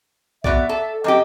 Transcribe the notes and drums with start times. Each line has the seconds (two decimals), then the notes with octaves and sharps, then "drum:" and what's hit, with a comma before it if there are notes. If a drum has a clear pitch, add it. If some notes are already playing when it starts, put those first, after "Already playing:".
0.44 B3 F#4 D5 E5, drum: kick B1
0.69 A4
1.04 F#2 C4 G4 D#5 D6